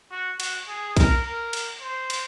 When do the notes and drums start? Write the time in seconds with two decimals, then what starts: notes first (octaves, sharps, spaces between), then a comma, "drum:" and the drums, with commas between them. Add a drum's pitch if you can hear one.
0.11 F#4
0.40 F#4, drum: cymbal
0.68 G#4
0.96 A#4, drum: kick B1, cymbal
1.25 A#4
1.53 drum: cymbal
1.82 C5
2.10 drum: cymbal